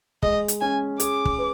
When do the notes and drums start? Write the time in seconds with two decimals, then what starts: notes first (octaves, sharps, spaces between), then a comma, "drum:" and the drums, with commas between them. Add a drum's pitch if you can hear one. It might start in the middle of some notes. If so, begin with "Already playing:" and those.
0.23 G#3 D#5, drum: kick
0.48 drum: hi-hat
0.61 C#4 G#5
1.00 G#4 D6, drum: hi-hat
1.25 drum: kick
1.38 B4